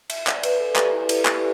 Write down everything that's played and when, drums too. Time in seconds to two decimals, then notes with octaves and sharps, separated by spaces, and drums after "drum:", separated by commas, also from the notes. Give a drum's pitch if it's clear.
0.10 E5, drum: cymbal
0.27 D5, drum: clap
0.43 B4, drum: cymbal
0.60 A4
0.76 G4, drum: clap
0.93 E4
1.09 E4, drum: cymbal
1.25 G4, drum: clap